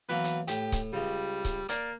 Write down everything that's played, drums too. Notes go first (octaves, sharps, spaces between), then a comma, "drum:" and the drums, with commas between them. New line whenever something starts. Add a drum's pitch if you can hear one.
E3 F#3 A#3 B3
drum: hi-hat
A2 G4, drum: hi-hat
drum: kick C#1, hi-hat
C#2 C#3 G3
drum: kick C#1, hi-hat
A#3 D5, drum: hi-hat